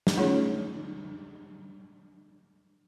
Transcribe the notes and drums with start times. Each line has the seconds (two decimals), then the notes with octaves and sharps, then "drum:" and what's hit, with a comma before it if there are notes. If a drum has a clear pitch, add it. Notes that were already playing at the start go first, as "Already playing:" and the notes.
0.07 drum: snare
0.17 A3 C#4 D#4 F4 G#4 C#5